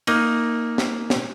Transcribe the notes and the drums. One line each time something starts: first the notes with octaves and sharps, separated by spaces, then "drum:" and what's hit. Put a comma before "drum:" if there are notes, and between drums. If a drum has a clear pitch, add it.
A#3 D#4 D#5, drum: cymbal
drum: snare
drum: snare